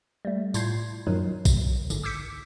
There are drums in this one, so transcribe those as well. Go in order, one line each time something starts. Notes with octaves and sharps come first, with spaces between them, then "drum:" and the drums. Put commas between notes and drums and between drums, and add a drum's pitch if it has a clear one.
G3 A3
A2 F4 G6 G#6 C7, drum: tambourine
F#2 A#2 D#3 F3 F#3 D#4
drum: kick A#1, tambourine
G#1 G#2 D3, drum: tambourine
D6 E6 G6 B6 C#7